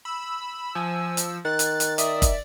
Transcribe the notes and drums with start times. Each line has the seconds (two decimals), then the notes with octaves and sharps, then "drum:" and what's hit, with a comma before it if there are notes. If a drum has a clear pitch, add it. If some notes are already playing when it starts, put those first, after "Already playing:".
0.05 B5 E6
0.75 F3 G#5
1.17 drum: hi-hat
1.45 D#3 F#6 A6
1.59 drum: hi-hat
1.80 drum: hi-hat
1.98 D5 E5 D#6, drum: hi-hat
2.22 drum: kick, hi-hat